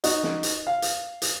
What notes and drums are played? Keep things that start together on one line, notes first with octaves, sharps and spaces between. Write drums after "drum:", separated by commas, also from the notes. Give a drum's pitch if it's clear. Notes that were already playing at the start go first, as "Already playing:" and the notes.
D#4 F#4, drum: hi-hat
drum: snare
drum: hi-hat
F5
drum: hi-hat
drum: hi-hat